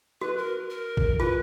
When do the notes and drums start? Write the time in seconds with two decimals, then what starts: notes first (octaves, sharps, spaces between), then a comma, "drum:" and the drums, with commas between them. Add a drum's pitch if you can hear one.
0.21 F#4 B4
0.37 A#4
0.70 A#4
0.97 drum: kick A1
1.19 F4 B4